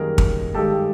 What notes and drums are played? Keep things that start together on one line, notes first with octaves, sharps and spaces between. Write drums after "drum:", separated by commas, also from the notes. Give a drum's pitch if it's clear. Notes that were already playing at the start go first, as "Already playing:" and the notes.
Already playing: F#2 D#3 G3 A#3 G#4 A#4
drum: kick
G2 D#3 G#3 G4 A4